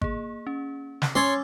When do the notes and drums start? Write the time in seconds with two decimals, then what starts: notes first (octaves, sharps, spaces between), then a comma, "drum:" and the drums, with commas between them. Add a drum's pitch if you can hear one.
0.01 A#3 G#4, drum: kick
0.47 C#4
1.02 drum: snare
1.15 C#4 C#5 C6 D6 E6 A6